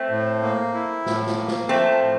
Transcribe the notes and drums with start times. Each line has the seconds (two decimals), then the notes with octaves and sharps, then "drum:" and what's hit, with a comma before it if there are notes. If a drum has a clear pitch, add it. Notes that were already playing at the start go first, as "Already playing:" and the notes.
Already playing: A3 C4
0.10 A2
0.42 A#3
0.74 E4
1.06 A2, drum: snare
1.27 drum: snare
1.38 A#3
1.48 drum: snare
1.69 F3 A3 C4
2.01 A2